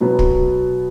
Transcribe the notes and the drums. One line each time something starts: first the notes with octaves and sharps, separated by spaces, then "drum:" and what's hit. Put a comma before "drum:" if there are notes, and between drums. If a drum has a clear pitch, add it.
B2 F#3 B3
drum: kick